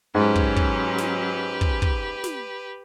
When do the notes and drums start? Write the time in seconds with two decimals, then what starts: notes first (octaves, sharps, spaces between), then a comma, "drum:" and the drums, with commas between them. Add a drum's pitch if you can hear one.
0.15 G#2 F#3 C#4 G4 B4
0.36 drum: kick
0.56 drum: kick
0.98 drum: snare
1.61 drum: kick
1.82 drum: kick
2.24 drum: snare